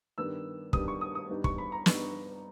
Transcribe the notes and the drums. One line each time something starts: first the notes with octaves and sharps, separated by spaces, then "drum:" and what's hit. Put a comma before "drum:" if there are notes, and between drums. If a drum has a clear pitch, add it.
G2 D#3 G3 B3 E6
G2 D#3 G3 B3 D#6, drum: kick
C#6
D#6
D#6
G2 G3 B3 D#4
C#6, drum: kick
B5
A#5
G2 G3 B3 D#4, drum: snare